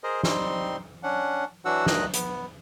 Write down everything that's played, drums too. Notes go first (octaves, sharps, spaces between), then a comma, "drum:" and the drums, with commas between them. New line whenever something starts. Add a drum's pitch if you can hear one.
G#4 A#4 C5 D#5
G3 C4 D#4 C6, drum: snare
C#4 D4 F#5
E3 F#3 D4 F#4 F#5 E6
D2 G2 D#3 D#5 F#6, drum: snare
B3, drum: hi-hat